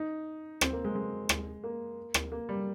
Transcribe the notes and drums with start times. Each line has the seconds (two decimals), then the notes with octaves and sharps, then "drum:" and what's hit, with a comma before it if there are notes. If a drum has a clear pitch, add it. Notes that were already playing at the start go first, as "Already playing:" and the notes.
Already playing: D#4
0.61 C4, drum: rim click
0.73 A#3
0.84 G#3
0.95 G#3
1.29 drum: rim click
1.64 A#3
2.14 drum: rim click
2.32 A#3
2.49 G3